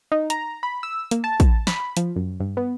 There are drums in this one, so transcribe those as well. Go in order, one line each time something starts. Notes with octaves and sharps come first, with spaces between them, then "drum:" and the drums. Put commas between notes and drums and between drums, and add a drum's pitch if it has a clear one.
D#4
A#5, drum: hi-hat
B5
E6
A#3, drum: hi-hat
A5
drum: kick, hi-hat
B5, drum: snare
F3, drum: hi-hat
F#2
G2
B3